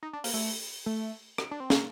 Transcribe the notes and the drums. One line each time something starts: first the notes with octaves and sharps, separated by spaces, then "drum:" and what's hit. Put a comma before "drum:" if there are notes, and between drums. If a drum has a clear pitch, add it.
D#4
D4
A#3, drum: open hi-hat
A3
A3
drum: rim click
D4
C4
A#3, drum: snare